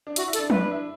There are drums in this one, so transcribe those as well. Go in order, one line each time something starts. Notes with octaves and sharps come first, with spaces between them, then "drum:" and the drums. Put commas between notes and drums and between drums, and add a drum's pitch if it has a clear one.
D4
E4 F#4, drum: hi-hat
E4
A4, drum: hi-hat
D4
E4 B4, drum: tom F3
D4
E4